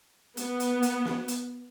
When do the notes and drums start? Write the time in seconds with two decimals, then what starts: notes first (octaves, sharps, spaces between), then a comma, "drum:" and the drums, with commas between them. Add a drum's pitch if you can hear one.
0.37 B3, drum: hi-hat
0.60 drum: hi-hat
0.82 drum: hi-hat
1.05 drum: snare
1.28 drum: hi-hat